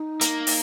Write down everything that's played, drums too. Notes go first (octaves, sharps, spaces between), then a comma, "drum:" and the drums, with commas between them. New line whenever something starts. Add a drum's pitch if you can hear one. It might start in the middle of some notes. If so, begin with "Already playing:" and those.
Already playing: D#4
A#3, drum: hi-hat
drum: open hi-hat